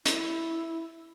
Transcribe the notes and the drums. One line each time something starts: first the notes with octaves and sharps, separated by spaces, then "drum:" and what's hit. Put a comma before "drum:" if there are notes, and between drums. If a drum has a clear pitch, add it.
E4, drum: hi-hat